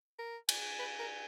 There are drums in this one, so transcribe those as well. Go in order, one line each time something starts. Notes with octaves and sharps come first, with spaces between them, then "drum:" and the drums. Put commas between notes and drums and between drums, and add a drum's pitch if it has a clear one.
A#4
G#5, drum: cymbal
B4
A#4